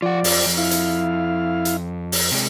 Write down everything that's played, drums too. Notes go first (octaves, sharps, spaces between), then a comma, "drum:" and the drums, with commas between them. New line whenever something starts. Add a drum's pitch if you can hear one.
F3 F4 D5 F#5
F2, drum: open hi-hat
E4 F5
drum: hi-hat
drum: hi-hat
drum: open hi-hat
C3 G#3